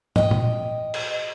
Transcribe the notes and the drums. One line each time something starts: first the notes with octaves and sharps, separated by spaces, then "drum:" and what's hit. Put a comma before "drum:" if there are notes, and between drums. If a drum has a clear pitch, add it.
D#5 G5, drum: tom
drum: tom A#2
drum: cymbal